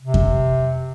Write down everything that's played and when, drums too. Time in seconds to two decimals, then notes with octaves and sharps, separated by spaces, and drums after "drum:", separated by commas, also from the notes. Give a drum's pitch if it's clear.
0.01 C3
0.14 drum: kick F2